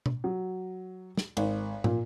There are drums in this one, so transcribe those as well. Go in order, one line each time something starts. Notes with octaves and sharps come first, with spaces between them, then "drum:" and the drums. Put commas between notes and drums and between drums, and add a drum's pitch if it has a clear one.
drum: tom B2
F#3
drum: snare
G#1, drum: cymbal
A#2, drum: tom